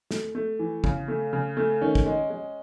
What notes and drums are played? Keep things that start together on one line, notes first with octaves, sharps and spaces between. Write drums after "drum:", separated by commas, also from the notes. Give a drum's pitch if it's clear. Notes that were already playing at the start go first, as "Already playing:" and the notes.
A3, drum: snare
A3
E3
C#3, drum: kick
A3
C#3
A3
D#3 C#4
drum: kick
G#3
G#3